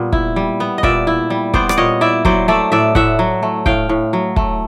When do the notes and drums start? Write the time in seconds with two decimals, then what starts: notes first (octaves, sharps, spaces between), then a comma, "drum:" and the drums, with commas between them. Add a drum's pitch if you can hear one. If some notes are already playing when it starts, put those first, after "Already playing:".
Already playing: A#2 G3 B3
0.13 E4, drum: kick
0.36 G3
0.60 B3
0.78 D#5
0.83 A#2 D5 E5, drum: kick
1.07 E4
1.30 G3
1.54 B3 C5 D5, drum: kick
1.69 D5, drum: rim click
1.77 A#2 C#5 D#5
2.01 E4 D5 E5
2.25 F#3 C5 D5, drum: kick
2.48 A3 D5 E5
2.72 A2 D5 E5
2.95 A2 E5 F#5, drum: kick
3.19 F#3
3.43 A3
3.66 A2 F5 G5, drum: kick
3.89 A2
4.13 F#3
4.36 A3, drum: kick